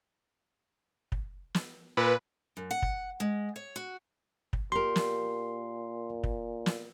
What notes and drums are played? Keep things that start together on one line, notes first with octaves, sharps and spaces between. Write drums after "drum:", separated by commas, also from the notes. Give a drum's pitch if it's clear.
drum: kick
drum: snare
A#2 B4
F#2
F#5
drum: kick
G#3
C#5
F#4
drum: kick
A#2 G4 A#4 C6
drum: snare
drum: kick
drum: snare